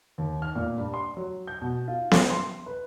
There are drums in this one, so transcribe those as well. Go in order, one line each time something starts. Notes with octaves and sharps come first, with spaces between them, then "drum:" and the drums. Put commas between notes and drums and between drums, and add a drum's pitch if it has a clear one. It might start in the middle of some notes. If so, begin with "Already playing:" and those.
D#2
F6
A#2
G2
C6
F#3
G6
B2
F4
C#4, drum: snare B3
C6
B4